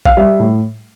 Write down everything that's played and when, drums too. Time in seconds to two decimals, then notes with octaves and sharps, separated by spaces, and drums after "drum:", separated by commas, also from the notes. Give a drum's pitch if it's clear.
0.05 F5, drum: kick A#1
0.17 G3 E5
0.39 A2